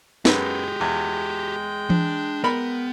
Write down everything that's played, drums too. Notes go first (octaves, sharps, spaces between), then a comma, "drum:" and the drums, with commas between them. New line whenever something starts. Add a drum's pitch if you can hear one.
F#2 G#3 B3 G4 G#4 G5, drum: snare
E2
D4, drum: tom E3
B3 A#4 B5